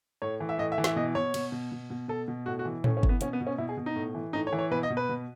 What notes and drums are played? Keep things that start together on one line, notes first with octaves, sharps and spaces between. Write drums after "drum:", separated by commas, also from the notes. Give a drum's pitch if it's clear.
A2 C#5
E3
E5
A2 D#5
E5
E3
E5, drum: snare
B2 D#5
B2 C#5
B2, drum: cymbal
B2
B2
B2
B2 A4
B2
A2 F#4
F#4
E3
A2 C#4, drum: tom A2
C#4
E3, drum: kick G1
B3
B2 C#4, drum: hi-hat
B3
B2
C#4
B2 E4
G#4
B2
D#4
A2
E3
A2 D#4
C#5
E3
C#5
B2 B4
D#5
B2
B4
B2